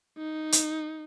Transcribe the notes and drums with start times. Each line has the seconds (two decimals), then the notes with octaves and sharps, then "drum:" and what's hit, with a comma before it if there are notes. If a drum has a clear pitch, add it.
0.18 D#4
0.52 drum: hi-hat